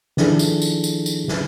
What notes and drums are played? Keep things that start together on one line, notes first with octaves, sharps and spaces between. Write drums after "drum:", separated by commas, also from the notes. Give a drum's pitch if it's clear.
D#3 F3 D4 E4 G#4 A4, drum: snare
drum: tambourine
drum: tambourine
drum: tambourine
drum: tambourine
drum: snare